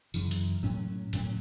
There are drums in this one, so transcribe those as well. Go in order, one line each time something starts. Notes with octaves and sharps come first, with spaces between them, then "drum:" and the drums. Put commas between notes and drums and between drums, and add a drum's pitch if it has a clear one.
F#2 C#3 E3, drum: tambourine
drum: hi-hat
A2 F#3 C#4
A2 F#3 C#4, drum: hi-hat